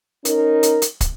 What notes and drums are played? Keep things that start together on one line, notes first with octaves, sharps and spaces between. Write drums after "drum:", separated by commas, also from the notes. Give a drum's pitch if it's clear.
C#4 D#4 A#4, drum: hi-hat
drum: hi-hat
drum: hi-hat
drum: kick, hi-hat